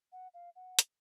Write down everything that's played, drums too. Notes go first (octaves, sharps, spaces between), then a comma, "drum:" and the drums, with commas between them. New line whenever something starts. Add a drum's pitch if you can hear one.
F#5
F5
F#5
drum: hi-hat